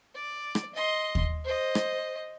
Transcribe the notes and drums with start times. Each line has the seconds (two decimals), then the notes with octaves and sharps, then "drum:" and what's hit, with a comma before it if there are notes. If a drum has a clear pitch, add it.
0.15 D5
0.55 drum: rim click
0.75 D#5 C6
1.15 drum: kick D#2
1.44 C5 D#5
1.75 drum: rim click